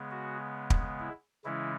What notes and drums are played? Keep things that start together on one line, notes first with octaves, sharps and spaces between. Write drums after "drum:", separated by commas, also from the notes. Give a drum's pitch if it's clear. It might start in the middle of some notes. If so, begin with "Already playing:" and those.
Already playing: C#3 G#3 B3
F#4
drum: kick
E4
C#3 E3 G#3 C#4 E4